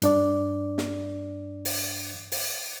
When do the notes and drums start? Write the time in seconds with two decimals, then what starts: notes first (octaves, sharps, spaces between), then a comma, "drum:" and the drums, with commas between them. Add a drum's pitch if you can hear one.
0.02 G2 D4 D5, drum: hi-hat
0.78 drum: snare
1.65 drum: open hi-hat
2.32 drum: open hi-hat